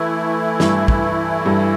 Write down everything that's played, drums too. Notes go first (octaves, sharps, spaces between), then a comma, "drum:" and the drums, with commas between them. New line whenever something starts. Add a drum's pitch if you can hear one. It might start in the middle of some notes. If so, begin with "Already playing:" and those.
Already playing: E3 A3 E4
G2, drum: snare
drum: kick
G2